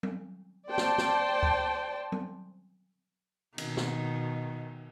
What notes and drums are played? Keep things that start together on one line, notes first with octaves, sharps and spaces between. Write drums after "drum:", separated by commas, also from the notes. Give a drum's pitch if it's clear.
drum: tom F#3
C5 D5 G5 A5
drum: snare
drum: snare
drum: kick D2
drum: tom F#3
B2 D#3, drum: cymbal
drum: snare